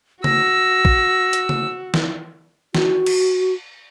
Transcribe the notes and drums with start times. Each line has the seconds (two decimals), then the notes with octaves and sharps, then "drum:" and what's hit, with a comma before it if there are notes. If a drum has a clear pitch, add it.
0.24 F#4 E6 A#6, drum: tom
0.85 drum: kick
1.33 drum: hi-hat
1.49 drum: tom
1.94 drum: snare
2.75 F#4, drum: snare
3.06 drum: cymbal